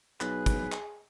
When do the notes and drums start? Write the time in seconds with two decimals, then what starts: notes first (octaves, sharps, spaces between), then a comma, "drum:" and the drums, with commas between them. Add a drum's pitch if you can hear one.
0.21 B1 G#4 B4, drum: clap
0.46 drum: kick, hi-hat
0.72 drum: clap